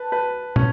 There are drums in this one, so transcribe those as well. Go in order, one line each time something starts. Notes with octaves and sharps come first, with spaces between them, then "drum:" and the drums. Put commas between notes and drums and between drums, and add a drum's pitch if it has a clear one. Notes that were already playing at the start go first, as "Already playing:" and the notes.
Already playing: B4 A5
B4
C#4, drum: tom